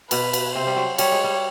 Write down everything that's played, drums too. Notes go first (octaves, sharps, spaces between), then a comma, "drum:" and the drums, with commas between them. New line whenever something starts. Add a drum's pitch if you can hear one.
B2 B4, drum: cymbal
drum: cymbal
C3 C5
G3
F#3
G3 C#5, drum: cymbal
G#3
G3